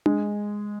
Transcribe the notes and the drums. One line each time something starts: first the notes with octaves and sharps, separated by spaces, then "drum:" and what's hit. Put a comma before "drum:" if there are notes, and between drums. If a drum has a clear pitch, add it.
G#3, drum: tom D4